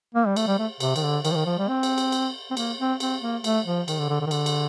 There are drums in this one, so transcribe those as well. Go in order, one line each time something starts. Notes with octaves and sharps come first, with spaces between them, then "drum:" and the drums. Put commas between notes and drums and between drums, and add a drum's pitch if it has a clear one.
A#3
G3
A3, drum: cymbal
G3
A3
C3, drum: cymbal
D#3, drum: cymbal
D3
D#3, drum: cymbal
F3
D#3
F3
G3
C4
drum: cymbal
drum: cymbal
drum: cymbal
C4
A#3, drum: cymbal
C4
C4, drum: cymbal
A#3
A3, drum: cymbal
F3
D#3, drum: cymbal
D3
D3
D3
D#3
D3, drum: cymbal
drum: cymbal